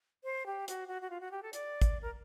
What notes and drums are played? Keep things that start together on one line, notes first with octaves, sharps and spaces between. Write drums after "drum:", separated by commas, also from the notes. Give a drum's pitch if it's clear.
C5
G4
F#4, drum: hi-hat
F#4
F#4
F4
F#4
G4
A4
D5, drum: hi-hat
drum: kick, hi-hat
A#4